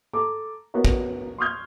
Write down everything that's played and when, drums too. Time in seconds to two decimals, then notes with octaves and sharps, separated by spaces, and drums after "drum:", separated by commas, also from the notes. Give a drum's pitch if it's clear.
0.13 A4 A#5 D6
0.74 B3 F#4 A#4 C#5
0.85 drum: kick
1.38 C6 C#6 D#6 F6 G6 G#6